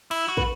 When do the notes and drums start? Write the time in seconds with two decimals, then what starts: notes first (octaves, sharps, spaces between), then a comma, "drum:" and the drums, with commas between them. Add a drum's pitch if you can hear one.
0.11 E4, drum: cymbal
0.29 F#4
0.37 B4, drum: kick